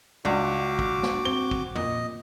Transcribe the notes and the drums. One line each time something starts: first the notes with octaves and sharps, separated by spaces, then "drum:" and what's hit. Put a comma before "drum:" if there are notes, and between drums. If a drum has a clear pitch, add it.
C#2 D4 F#4 D6
drum: kick
drum: snare
C4 G7
drum: kick
A#2 D#5, drum: tom